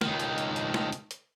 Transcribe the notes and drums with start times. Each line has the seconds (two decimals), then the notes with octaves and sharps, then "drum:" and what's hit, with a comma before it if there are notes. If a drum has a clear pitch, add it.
0.01 C#2 D#3, drum: snare
0.20 drum: hi-hat
0.38 drum: hi-hat
0.56 drum: hi-hat
0.74 drum: snare
0.92 drum: hi-hat
1.11 drum: hi-hat